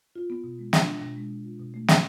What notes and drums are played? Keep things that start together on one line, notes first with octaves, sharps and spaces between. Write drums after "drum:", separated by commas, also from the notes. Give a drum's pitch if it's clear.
F4
B3
B2
G#3
D4, drum: snare
B3
B2
G#3
B2
F4
B2
A3
C#4, drum: snare